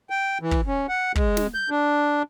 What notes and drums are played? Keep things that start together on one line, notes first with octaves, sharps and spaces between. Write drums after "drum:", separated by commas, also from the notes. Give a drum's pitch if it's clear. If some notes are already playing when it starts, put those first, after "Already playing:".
G5
E3
drum: kick
C#4
F#5
G#3, drum: kick
drum: snare
G6
D4